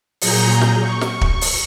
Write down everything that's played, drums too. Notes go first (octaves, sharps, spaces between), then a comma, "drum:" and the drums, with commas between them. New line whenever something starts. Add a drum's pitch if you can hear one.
A#2 F#3 G#4 A#5 G6, drum: open hi-hat
drum: snare
C#6
drum: snare
drum: kick
drum: open hi-hat